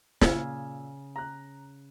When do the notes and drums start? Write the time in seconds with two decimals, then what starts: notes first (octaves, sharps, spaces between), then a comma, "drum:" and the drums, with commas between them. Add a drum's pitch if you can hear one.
0.21 A#2 C#3 G#5 E6 F6, drum: snare
1.16 A#5 F#6